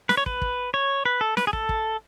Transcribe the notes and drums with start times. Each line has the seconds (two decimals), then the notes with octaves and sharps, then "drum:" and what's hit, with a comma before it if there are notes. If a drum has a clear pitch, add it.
0.09 B4, drum: snare
0.17 C#5
0.26 B4, drum: kick
0.42 drum: kick
0.74 C#5
1.05 B4
1.21 A4
1.37 B4, drum: snare
1.47 G#4
1.53 A4, drum: kick
1.69 drum: kick